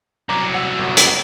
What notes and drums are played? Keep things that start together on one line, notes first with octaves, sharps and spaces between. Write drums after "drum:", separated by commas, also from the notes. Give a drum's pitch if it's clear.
C2 F#3 A#5 D6
C#5 F#5 E6
G1
drum: hi-hat